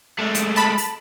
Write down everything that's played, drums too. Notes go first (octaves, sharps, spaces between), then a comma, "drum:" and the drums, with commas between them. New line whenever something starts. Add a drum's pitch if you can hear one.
G#3 A3
drum: hi-hat
A5 B5
drum: open hi-hat